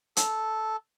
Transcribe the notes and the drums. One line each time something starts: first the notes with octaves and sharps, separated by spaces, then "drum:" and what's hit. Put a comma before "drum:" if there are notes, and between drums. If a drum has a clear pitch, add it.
A4, drum: hi-hat